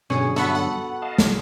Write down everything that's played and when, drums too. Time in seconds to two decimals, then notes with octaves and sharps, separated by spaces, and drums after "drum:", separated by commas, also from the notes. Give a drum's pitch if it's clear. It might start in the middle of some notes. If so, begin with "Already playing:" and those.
0.10 G2 B2 D3 F#3 C#4 G#4
0.36 B3 F#4 A4 E5 F#5 B5
0.55 F#5
1.02 D#5 F5 A5
1.18 drum: snare